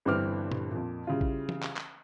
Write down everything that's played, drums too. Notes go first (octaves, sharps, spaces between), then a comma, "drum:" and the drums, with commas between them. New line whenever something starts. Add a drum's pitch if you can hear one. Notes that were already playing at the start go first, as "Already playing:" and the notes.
G1 G2 E3 C4 D6 F6
drum: tom A#2
F2 A#2
C#3 G3 E4 F4
drum: kick
drum: tom E3
drum: clap
drum: clap